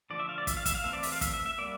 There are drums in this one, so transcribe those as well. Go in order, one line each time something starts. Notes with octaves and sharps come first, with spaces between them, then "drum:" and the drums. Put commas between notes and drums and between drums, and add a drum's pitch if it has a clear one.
D3 F3 A3 D5
E5
F5
D5
E5, drum: kick, hi-hat
F5
E5, drum: kick, hi-hat
F5
E3 A3 C4 E5
D5
E5, drum: open hi-hat
F5
E5, drum: kick, hi-hat
E5
E5
G3 A#3 D5